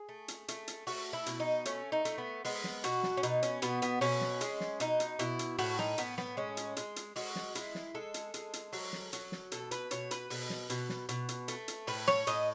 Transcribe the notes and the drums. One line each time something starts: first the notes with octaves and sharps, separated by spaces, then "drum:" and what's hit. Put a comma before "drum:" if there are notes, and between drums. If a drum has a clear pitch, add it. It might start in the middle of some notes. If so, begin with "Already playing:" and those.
Already playing: G#4
A3
drum: hi-hat
A3, drum: hi-hat
drum: hi-hat
A3 F#4, drum: open hi-hat
E4
B2, drum: hi-hat
D#4
A3 C#4, drum: hi-hat
D#4
A3, drum: hi-hat
B3
G#3 B3, drum: open hi-hat
drum: snare
B2 F#4, drum: hi-hat
drum: snare
C#4
B2 D#4, drum: hi-hat
C#4, drum: hi-hat
B2 B3, drum: hi-hat
B3, drum: hi-hat
B2 C#4, drum: open hi-hat
drum: snare
G#3, drum: hi-hat
drum: snare
B2 D#4, drum: hi-hat
drum: hi-hat
B2 E4, drum: hi-hat
drum: hi-hat
A2 F#4, drum: open hi-hat
D#4, drum: snare
A2 B3, drum: hi-hat
B3, drum: snare
G#3 C#4
drum: hi-hat
G#3, drum: hi-hat
drum: hi-hat
G#3 F#4, drum: open hi-hat
drum: snare
G#3 E4, drum: hi-hat
drum: snare
G#3 A4
drum: hi-hat
G#3, drum: hi-hat
drum: hi-hat
F#3, drum: open hi-hat
drum: snare
F#3, drum: hi-hat
drum: snare
B2 A4, drum: hi-hat
B4, drum: hi-hat
B2 C#5, drum: hi-hat
B4, drum: hi-hat
B2, drum: open hi-hat
drum: snare
B2, drum: hi-hat
drum: snare
B2, drum: hi-hat
drum: hi-hat
A3, drum: hi-hat
drum: hi-hat
A2 B4, drum: open hi-hat
C#5, drum: snare
A2 D#5, drum: hi-hat